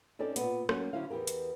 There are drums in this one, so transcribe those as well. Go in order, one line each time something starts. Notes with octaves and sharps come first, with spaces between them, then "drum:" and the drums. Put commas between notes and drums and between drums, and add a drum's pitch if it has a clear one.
C4 C#4 D#4 A4 D5
A#2 B3, drum: hi-hat
F#3 A#3 C#4 F#4, drum: rim click
D3 F#3 C#4 E4 C5 F5
E2 B3 G4 A#4
drum: hi-hat